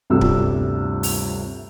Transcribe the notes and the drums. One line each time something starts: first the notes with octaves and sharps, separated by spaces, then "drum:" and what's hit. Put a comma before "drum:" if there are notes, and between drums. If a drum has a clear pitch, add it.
G1 D2 C3 G3 F4 E6
drum: kick
drum: open hi-hat